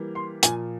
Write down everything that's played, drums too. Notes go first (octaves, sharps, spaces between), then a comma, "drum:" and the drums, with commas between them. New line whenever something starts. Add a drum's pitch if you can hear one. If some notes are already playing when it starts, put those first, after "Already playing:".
Already playing: E3 G3 A#3
C6
A#2 F3 A#3 G#5, drum: hi-hat